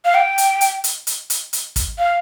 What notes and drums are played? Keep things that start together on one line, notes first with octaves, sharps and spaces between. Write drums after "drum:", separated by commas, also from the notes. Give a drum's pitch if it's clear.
F5
G5
drum: hi-hat
drum: hi-hat
drum: hi-hat
drum: hi-hat
drum: hi-hat
drum: hi-hat
drum: kick, hi-hat
F5